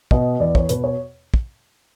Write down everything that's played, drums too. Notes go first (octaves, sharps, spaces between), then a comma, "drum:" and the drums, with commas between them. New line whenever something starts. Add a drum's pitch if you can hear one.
B2 D#5, drum: kick
E2 D5
C#5, drum: kick
B2 B4, drum: hi-hat
C#5
drum: kick